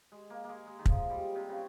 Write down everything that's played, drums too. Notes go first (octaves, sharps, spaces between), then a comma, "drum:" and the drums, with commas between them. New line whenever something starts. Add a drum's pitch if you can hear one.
G#3
A#3
A#3
G#3
G#3
D#3
F3, drum: kick
G3
C3
C#3